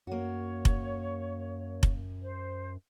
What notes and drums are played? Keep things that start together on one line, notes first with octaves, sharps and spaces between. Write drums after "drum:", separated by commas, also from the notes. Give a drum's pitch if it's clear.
F#2 A#3 F#4 C#5
drum: kick F1
drum: kick F1
C5